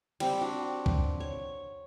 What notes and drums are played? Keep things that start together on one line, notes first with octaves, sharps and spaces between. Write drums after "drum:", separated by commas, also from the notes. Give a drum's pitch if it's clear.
G3 C4, drum: cymbal
D4 F#4
drum: kick
C#5